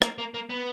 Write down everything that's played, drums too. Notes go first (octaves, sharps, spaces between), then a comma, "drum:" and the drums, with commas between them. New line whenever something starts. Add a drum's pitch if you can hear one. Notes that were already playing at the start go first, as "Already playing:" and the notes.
A#3, drum: rim click
A#3
A#3
B3